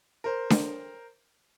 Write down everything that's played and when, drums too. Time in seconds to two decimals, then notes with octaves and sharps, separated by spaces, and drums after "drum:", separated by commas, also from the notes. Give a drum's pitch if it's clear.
0.24 A#4 C5
0.50 drum: snare D4